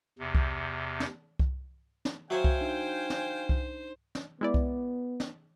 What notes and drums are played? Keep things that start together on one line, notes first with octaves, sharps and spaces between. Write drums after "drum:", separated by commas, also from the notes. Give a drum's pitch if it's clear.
E2 C3
drum: kick C2
drum: snare
drum: kick C2
drum: snare
F#3 C5 C#5 E5 F5 G5 G#5
drum: kick C2
D4 D#4
drum: snare
drum: kick C2
drum: snare
G#3 B3 E4 D5
drum: kick C2
drum: snare